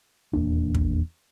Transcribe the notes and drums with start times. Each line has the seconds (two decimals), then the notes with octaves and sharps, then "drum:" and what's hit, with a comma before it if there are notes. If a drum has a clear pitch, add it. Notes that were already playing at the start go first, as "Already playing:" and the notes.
0.33 D#1 E2 A#3 D4
0.75 drum: kick